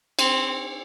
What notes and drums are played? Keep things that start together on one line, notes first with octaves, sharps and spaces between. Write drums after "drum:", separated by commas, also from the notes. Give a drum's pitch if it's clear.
C4, drum: cymbal